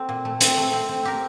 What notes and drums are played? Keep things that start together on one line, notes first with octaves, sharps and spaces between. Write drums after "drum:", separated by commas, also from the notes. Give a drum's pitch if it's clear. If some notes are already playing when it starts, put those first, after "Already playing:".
Already playing: C4 F#4 A4
A#2
A3
C4, drum: hi-hat
A3
C4
C4
C4 G4 A#4